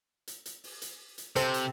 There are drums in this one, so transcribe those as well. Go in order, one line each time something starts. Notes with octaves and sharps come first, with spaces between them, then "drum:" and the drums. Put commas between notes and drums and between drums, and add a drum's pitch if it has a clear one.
drum: hi-hat
drum: hi-hat
drum: open hi-hat
drum: hi-hat
drum: hi-hat
C3 C4 A4, drum: hi-hat
drum: hi-hat